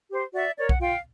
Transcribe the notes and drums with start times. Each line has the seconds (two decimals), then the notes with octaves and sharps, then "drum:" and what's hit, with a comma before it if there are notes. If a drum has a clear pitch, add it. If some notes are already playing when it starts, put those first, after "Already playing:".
0.11 G4 C5
0.34 F#4 D5 E5
0.58 A#4 C#5 D5
0.69 F#5, drum: kick B1
0.81 F4 F5 G5